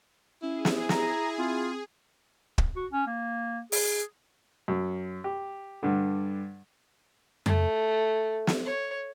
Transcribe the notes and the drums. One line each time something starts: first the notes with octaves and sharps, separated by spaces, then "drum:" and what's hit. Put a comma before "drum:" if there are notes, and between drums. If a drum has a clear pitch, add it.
C#4 E4 G#4
drum: snare
A#5 A#6, drum: snare
C4 F4
drum: kick
F#4
C#4
A#3
G#4, drum: open hi-hat
F#2
G4
G2 D3
A3, drum: tom F2
drum: snare
C#5